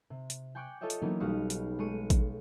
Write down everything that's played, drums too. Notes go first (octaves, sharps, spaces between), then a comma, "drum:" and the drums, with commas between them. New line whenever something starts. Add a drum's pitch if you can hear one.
C3
drum: hi-hat
G5 G#5 C#6 D6 F#6 G6
F4 A4 C#5 D#5 E5 G5
drum: hi-hat
E3 F#3 A#3 B3 C#4 D#4
B1 G3 F#4 F5 C#6 D#6
drum: hi-hat
G#3 A3 C#6 D#7
drum: kick A1, hi-hat